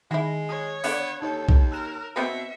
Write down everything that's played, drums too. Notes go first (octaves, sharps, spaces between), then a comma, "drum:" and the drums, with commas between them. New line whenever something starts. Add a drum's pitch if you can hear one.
D#3 G#3 E4 F#4 B5 A#6
C#5 D#6
D3 B3 F4 D5 F5, drum: open hi-hat
D#2 D#4 A4 C#5 G6
drum: kick A#1
A#4 E6 F#6 E7
B2 B3 C4 B4 E5 A#6 C7 C#7